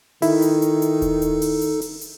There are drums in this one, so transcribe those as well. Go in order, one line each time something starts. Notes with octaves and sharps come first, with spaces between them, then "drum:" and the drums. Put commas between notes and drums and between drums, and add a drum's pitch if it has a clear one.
D#3 D#4 E4 A4, drum: open hi-hat
drum: hi-hat
drum: hi-hat
drum: hi-hat
drum: kick D#1, hi-hat
drum: hi-hat
drum: open hi-hat
drum: hi-hat
drum: open hi-hat
drum: hi-hat